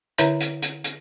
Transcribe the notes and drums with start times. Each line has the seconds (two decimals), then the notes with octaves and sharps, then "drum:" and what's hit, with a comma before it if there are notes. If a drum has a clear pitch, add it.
0.18 D3 E4 B4 C#5 E5 A#5, drum: hi-hat
0.40 drum: hi-hat
0.62 drum: hi-hat
0.84 drum: hi-hat